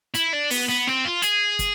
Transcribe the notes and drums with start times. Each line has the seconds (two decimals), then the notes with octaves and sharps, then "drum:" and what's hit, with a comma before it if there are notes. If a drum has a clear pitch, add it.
0.14 E4, drum: hi-hat
0.33 D4
0.50 B3, drum: open hi-hat
0.69 B3
0.87 C4, drum: snare
1.05 F4
1.22 G#4, drum: hi-hat
1.59 drum: kick, hi-hat